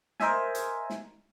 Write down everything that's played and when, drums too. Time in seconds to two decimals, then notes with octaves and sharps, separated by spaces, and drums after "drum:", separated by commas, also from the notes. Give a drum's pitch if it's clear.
0.20 A#4 C5 D#5 E5 G#5, drum: snare
0.55 drum: hi-hat
0.90 drum: snare